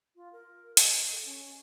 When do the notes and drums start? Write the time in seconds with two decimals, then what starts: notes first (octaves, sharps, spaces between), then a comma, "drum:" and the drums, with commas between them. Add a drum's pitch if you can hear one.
0.16 F4
0.32 A#4
0.77 D#5, drum: hi-hat
1.12 A4
1.25 C#4